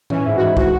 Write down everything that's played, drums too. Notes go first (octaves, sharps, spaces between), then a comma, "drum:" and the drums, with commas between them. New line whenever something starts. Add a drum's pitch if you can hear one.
E3 C#4, drum: tom A2
G#2 E4
F#4
G#2 E4
E3 F#4, drum: kick